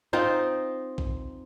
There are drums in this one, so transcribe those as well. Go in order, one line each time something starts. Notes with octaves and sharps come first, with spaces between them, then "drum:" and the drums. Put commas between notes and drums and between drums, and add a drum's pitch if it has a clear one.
C4 D#4 F4
drum: kick A#1